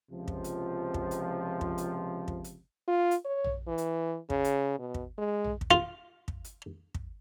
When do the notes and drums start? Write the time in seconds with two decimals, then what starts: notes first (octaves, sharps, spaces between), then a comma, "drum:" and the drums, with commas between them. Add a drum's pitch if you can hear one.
0.11 C#2 C3 F3
0.28 drum: kick
0.44 drum: hi-hat
0.94 drum: kick
1.11 drum: hi-hat
1.61 drum: kick
1.78 drum: hi-hat
2.28 drum: kick
2.44 drum: hi-hat
2.88 F4
3.11 drum: hi-hat
3.25 C#5
3.44 drum: tom A#1
3.68 E3
3.78 drum: hi-hat
4.30 C#3, drum: kick
4.44 drum: hi-hat
4.79 B2
4.94 drum: kick
5.18 G#3
5.44 drum: tom A#1
5.61 drum: kick
5.71 F4
6.28 drum: kick
6.44 drum: hi-hat
6.94 drum: kick